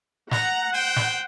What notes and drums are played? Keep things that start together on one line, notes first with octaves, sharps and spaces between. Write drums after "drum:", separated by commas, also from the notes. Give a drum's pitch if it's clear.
F#5 A#5, drum: snare
C5 G5
drum: snare